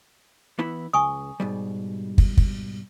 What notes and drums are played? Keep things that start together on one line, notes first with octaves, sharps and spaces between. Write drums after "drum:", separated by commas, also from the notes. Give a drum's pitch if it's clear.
E3 B3 E4
C#2 G#5 C#6 D#6
G#2 B2 G3
drum: kick
drum: kick